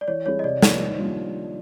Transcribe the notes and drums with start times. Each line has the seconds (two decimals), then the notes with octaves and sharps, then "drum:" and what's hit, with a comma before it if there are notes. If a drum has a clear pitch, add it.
0.01 D5
0.08 E3 C#5
0.26 G3 C4 E4 G#4 C#5
0.39 D#5
0.44 C3 D5
0.62 F3 A#3 D#4, drum: snare
0.80 D#3
0.99 G3 A#3 D4 F4